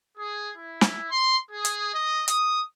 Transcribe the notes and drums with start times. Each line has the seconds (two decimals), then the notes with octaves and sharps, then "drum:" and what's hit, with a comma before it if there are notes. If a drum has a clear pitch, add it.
0.18 G#4
0.57 E4
0.81 drum: snare
1.10 C6
1.51 G#4
1.65 drum: hi-hat
1.93 D#5
2.28 D#6, drum: hi-hat